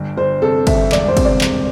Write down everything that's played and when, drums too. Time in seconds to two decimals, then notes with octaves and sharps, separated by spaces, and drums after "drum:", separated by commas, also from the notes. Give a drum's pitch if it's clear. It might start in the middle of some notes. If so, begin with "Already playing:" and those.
Already playing: G1
0.17 G1 C5
0.42 C3 A4
0.67 G1 E5, drum: kick, cymbal
0.92 E1 D5, drum: clap
1.08 C5
1.17 C3, drum: kick, cymbal
1.25 D5
1.41 E1, drum: clap